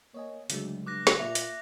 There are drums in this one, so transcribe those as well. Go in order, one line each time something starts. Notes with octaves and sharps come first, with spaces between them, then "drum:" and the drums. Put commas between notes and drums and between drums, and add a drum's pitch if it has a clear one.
A#3 C#5 D#5 G#5
D2 C#3 F#3 G#3, drum: hi-hat
G2 D6 F#6 A#6
drum: snare
A#2 E5 F7
drum: hi-hat